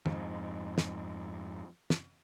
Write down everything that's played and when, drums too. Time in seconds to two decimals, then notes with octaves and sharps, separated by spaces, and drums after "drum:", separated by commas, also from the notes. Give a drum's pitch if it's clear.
0.06 F2 G#2, drum: tom
0.78 drum: snare
1.90 drum: snare